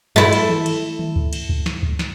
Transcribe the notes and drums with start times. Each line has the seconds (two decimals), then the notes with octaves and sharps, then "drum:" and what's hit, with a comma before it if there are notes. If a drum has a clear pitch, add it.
0.16 A3 E4
0.33 drum: cymbal
0.49 drum: tom D#3
0.66 drum: cymbal
0.99 drum: tom D#3
1.16 drum: kick
1.33 drum: cymbal
1.49 drum: kick
1.66 drum: snare
1.83 drum: kick
1.99 drum: snare